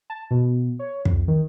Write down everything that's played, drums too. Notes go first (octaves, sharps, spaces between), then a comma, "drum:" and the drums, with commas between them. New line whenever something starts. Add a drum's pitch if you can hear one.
A5
B2
C#5
F2, drum: kick
D#3